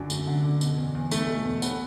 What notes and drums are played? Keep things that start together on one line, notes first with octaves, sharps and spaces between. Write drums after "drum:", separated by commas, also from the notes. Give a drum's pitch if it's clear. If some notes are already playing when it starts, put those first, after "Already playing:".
Already playing: F#2 D3 D4
A3, drum: tambourine
D3
D4
B2, drum: tambourine
E2
E2
A3, drum: tambourine
B2
E2
B3, drum: tambourine